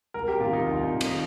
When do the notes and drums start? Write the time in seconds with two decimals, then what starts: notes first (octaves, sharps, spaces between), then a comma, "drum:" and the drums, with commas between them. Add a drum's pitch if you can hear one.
0.14 C2 A#4
0.28 G4
0.40 C3 D#3 F4
0.53 D#4
0.66 C2 F4
0.83 D#4
0.92 C3 D#3
1.01 D#4, drum: cymbal